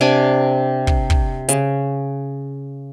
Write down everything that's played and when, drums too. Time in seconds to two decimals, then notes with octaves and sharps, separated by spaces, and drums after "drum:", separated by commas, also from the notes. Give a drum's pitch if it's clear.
0.01 C3 D4 D5 G#5
0.87 drum: kick
1.10 drum: kick
1.49 C#3, drum: hi-hat